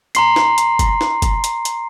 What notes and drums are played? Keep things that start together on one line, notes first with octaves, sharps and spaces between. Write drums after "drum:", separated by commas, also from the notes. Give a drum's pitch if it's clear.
A#5 C6 C7, drum: hi-hat
drum: snare
drum: hi-hat
drum: kick, hi-hat
drum: snare
drum: kick, hi-hat
drum: hi-hat
drum: hi-hat